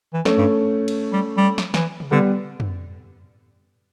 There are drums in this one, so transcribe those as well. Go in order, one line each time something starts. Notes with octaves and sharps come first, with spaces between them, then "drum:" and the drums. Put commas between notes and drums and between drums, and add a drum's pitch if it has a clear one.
E3
A3 C#4, drum: snare
G2
drum: cymbal
G3
G3
drum: snare
E3, drum: snare
drum: tom
D3 G3 B3
drum: tom